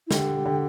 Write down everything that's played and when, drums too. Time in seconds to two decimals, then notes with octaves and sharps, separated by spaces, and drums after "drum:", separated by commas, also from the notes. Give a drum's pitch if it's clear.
0.06 E4
0.11 D3 G4, drum: snare
0.46 D3